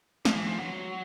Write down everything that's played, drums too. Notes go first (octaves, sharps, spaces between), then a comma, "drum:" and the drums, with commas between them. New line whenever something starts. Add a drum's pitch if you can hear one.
F3, drum: snare
E3
F3
F#3